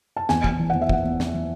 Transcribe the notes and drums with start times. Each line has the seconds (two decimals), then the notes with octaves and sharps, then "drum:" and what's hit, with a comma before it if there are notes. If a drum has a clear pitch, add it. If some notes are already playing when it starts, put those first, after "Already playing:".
0.17 A5
0.29 E2 G#5, drum: snare
0.44 E2 G#5, drum: kick
0.59 E3
0.70 E2 F#5
0.82 E5
0.89 E2 F#5, drum: kick
1.04 E2
1.20 E3, drum: snare
1.34 E3